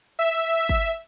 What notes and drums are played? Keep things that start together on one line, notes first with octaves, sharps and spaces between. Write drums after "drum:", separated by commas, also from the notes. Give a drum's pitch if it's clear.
E5
drum: kick G1